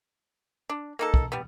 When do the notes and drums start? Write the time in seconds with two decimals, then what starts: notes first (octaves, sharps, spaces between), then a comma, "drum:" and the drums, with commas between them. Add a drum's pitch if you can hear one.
0.69 D4
0.99 A#3 D#4 A4
1.14 drum: kick
1.32 G3 B3